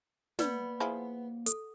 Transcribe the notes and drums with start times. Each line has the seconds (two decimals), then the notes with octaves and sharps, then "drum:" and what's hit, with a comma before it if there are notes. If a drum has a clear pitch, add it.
0.39 A#3 B3 B4 D5, drum: snare
0.80 F3 E4 G#4
1.46 A4, drum: hi-hat